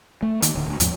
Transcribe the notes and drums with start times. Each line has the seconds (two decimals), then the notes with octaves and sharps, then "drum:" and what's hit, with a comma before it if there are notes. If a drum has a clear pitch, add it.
0.23 A3
0.42 D#3 A#3, drum: hi-hat
0.55 D1 D3
0.68 D2
0.80 D#2 G#2 F3, drum: hi-hat